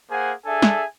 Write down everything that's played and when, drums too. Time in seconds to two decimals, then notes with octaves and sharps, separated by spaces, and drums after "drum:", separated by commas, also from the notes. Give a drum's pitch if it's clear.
0.11 A#3 G#4 C5 F#5 G#5
0.46 D4 G#4 A4 E5 G#5
0.62 drum: snare